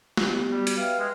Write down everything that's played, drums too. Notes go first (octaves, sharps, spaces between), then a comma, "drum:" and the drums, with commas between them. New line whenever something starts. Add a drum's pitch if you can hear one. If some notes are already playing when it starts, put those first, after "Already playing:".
B3 F#4 G4, drum: snare
G3
drum: hi-hat
B4 E5 F5 G5
G#3